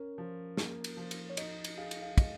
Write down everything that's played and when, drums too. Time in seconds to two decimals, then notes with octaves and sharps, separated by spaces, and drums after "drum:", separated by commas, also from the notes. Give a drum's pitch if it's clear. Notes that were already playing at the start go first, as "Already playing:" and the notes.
Already playing: C#4 A#4
0.18 F3
0.57 A#3, drum: snare
0.84 drum: cymbal
0.97 F3
1.11 drum: cymbal
1.30 C#5
1.37 D#4 D#5, drum: cymbal
1.64 drum: cymbal
1.77 G#4 F5
1.91 drum: cymbal
2.02 F5
2.18 G#3 D#5, drum: kick, cymbal